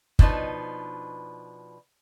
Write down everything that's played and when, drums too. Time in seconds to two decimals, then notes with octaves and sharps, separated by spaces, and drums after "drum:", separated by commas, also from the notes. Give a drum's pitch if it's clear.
0.19 B2 F3 D4 D#4 B4, drum: kick